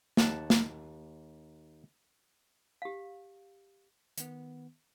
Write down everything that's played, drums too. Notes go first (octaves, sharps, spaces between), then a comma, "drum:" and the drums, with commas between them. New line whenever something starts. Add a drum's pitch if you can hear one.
D#2 F#5 A5, drum: snare
drum: snare
G4 F5
D#3 B3, drum: hi-hat